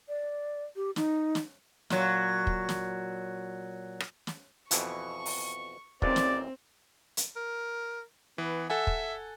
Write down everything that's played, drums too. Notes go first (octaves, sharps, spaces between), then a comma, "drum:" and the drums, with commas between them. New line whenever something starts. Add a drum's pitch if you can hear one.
D5
G4
D#4, drum: snare
drum: snare
A#2 F#3, drum: snare
drum: kick
drum: snare
drum: rim click
drum: snare
F2 B2 E3 C#6, drum: hi-hat
drum: open hi-hat
A1 D#2 A#2 C4 D5, drum: kick
drum: snare
drum: hi-hat
A#4
E3 B3
A4 E5 F#5 G#5
drum: kick